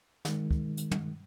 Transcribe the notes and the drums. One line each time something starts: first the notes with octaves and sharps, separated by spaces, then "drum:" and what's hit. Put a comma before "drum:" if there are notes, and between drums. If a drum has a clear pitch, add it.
D#3 G#3, drum: snare
drum: kick
drum: hi-hat
drum: tom